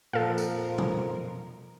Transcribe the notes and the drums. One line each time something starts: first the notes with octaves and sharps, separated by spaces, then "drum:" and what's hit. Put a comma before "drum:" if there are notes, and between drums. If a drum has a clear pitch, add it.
F2 A#2 F3 A4 A#4 F5
drum: tambourine
drum: tom B2